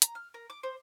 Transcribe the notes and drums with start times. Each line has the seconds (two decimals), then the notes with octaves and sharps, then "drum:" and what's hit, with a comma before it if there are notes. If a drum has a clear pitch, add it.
0.02 A#5, drum: hi-hat
0.15 F6
0.34 A#4
0.50 D6
0.63 C5